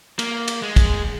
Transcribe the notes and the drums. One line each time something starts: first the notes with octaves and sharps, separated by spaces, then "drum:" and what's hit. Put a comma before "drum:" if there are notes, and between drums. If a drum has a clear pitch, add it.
A#3, drum: cymbal
drum: cymbal
G#3
drum: kick, cymbal